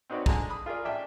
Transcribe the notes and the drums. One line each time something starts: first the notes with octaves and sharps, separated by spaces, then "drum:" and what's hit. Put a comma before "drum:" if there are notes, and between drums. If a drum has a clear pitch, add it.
C4 D#4 F#4 B4 C#5 D5
D3 G#3 D4 G#4 A5 A#5, drum: kick
B5 D#6
F4 G#4 A#4 D5
A1 D5 E5 G5 A5